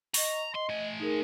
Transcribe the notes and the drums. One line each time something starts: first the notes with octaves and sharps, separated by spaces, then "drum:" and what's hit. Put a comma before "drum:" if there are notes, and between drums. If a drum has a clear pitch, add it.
D#5 A#5 C#6, drum: open hi-hat
D#5 C6
A3 G#5
D#4 G#4 A#4